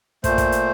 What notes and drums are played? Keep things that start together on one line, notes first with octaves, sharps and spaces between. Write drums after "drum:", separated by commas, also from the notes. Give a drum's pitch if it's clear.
A#2 A3 C5, drum: kick, hi-hat
drum: kick, hi-hat
drum: hi-hat